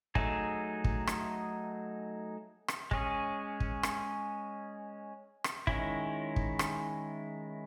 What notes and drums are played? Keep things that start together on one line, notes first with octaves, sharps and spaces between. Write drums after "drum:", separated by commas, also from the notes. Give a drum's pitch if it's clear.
F#3 A3 D#4 G#4, drum: kick
drum: kick
drum: rim click
drum: rim click
G#3 C#4 G#4, drum: kick
drum: kick
drum: rim click
drum: rim click
D#3 G#3 C#4 E4, drum: kick
drum: kick
drum: rim click